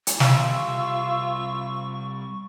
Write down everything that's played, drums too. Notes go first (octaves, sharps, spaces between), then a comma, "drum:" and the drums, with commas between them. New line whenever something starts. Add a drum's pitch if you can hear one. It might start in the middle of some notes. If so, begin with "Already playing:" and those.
drum: hi-hat
C3 G3 F4 C#6 E6, drum: snare